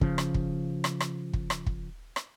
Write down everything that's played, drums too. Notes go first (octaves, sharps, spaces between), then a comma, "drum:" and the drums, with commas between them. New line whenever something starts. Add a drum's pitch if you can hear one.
C#3 F3, drum: kick
drum: rim click
drum: kick
drum: rim click
drum: rim click
drum: kick
drum: rim click
drum: kick
drum: rim click